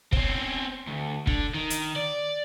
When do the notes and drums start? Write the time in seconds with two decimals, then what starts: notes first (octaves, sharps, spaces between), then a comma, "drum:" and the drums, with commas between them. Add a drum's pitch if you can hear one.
0.13 C4 C#4, drum: kick
0.87 D2
1.27 D3, drum: kick
1.54 D#3
1.70 drum: hi-hat
1.96 D5